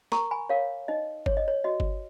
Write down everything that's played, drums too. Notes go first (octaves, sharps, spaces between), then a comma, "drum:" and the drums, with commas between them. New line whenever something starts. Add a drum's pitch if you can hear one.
A#4 A#5 C#6, drum: snare
G#5 B5
A#4 C#5 F5
D#4 D#5
C#5, drum: kick G1
D#5
C#5
F#4 D#5
drum: kick G1